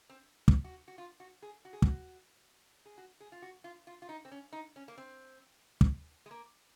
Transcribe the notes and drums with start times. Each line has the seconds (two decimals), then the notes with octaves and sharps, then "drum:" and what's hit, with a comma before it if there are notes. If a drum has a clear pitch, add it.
0.10 C4
0.48 drum: kick
0.64 F#4
0.88 F#4
0.98 F4
1.20 F#4
1.42 G#4
1.65 F#4
1.73 G#4
1.82 F#4, drum: kick
2.86 G#4
2.98 F#4
3.20 G#4
3.32 F4
3.42 F#4
3.64 F4
3.87 F4
4.02 F4
4.09 D#4
4.25 C4
4.32 C#4
4.53 D#4
4.76 C#4
4.88 A#3
4.98 C4
5.81 drum: kick
6.26 G#3
6.31 A#3